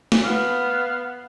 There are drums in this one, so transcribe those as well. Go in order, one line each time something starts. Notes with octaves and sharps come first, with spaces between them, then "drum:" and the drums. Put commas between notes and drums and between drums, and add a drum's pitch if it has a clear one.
drum: snare
B3 F5